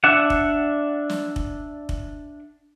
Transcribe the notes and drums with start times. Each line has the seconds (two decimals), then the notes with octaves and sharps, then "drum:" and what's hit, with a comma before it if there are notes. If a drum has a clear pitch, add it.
0.04 D4 D5 E5 F#5
0.30 drum: kick
1.10 drum: snare
1.36 drum: kick
1.89 drum: kick